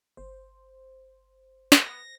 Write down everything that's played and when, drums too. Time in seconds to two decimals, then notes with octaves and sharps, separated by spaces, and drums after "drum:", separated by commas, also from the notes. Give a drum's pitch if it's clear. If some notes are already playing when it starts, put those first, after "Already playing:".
0.17 G1 C5
1.72 B3 A#6, drum: snare